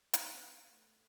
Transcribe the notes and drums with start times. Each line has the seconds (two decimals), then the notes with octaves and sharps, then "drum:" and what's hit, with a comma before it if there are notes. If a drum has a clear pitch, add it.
0.14 B3, drum: hi-hat
0.71 A3